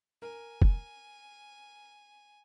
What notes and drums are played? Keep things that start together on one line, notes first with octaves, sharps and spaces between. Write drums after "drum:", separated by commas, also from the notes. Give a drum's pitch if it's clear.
A#4 G#5
drum: kick